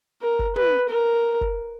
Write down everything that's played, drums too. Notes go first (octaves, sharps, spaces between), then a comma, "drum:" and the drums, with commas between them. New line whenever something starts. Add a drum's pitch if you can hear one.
A#4
drum: kick
B4, drum: tom
A#4
drum: kick